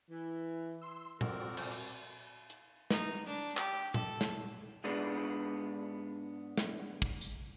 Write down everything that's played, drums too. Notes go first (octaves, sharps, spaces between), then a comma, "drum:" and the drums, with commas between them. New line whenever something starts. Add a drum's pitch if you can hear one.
E3
C6 E6
F3 C4 F#4 A4 A#4 D5, drum: tom A#2
drum: cymbal
drum: hi-hat
D#4, drum: snare
D4
G4, drum: clap
A4, drum: tom A#2
drum: snare
G#2 G#3 B3 D4
drum: snare
drum: kick
drum: tambourine